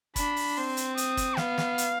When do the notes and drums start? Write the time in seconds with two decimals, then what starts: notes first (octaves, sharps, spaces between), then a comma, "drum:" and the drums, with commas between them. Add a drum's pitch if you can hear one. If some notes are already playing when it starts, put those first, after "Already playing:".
0.16 D4 B5, drum: kick, hi-hat
0.36 drum: open hi-hat
0.57 C4 C6
0.77 drum: hi-hat
0.97 D#6, drum: hi-hat
1.17 drum: kick, hi-hat
1.37 B3 F5, drum: snare
1.58 drum: snare
1.78 drum: hi-hat